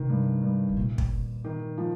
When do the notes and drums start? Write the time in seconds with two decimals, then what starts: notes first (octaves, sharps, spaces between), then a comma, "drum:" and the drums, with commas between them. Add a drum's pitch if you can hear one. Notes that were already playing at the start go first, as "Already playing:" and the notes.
Already playing: C3 D#3
0.10 G2
0.43 G2
0.69 C3
0.77 A#2
0.98 drum: kick
1.44 D#3
1.78 F3